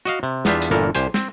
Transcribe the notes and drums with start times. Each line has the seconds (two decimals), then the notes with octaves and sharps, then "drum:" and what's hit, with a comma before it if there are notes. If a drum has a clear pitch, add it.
0.05 F#4 D#5 F5
0.23 C3
0.45 E2 B3 D4 F4 G4 E5, drum: snare
0.62 drum: hi-hat
0.71 G1 A#2 E3 A4 A#4
0.95 C2 G4 C5 G#5, drum: hi-hat
1.14 C4, drum: snare